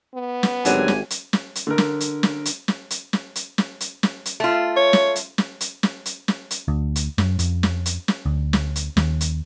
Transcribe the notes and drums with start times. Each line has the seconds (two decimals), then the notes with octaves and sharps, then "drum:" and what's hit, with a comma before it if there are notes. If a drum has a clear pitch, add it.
0.15 B3
0.43 drum: snare
0.65 G#1 G2 D3 F#3 G4 G#5, drum: hi-hat
0.88 drum: snare
1.10 drum: hi-hat
1.33 drum: snare
1.55 drum: hi-hat
1.67 D3 A#4
1.78 drum: snare
2.00 drum: hi-hat
2.23 drum: snare
2.45 drum: hi-hat
2.68 drum: snare
2.90 drum: hi-hat
3.13 drum: snare
3.35 drum: hi-hat
3.58 drum: snare
3.81 drum: hi-hat
4.03 drum: snare
4.26 drum: hi-hat
4.40 A3 F4
4.77 C#5
4.93 drum: snare
5.16 drum: hi-hat
5.38 drum: snare
5.61 drum: hi-hat
5.83 drum: snare
6.06 drum: hi-hat
6.28 drum: snare
6.51 drum: hi-hat
6.68 D2
6.96 drum: hi-hat
7.18 F#2, drum: snare
7.39 F2, drum: hi-hat
7.63 drum: snare
7.86 drum: hi-hat
8.08 drum: snare
8.26 D2
8.53 drum: snare
8.76 drum: hi-hat
8.97 D#2, drum: snare
9.21 drum: hi-hat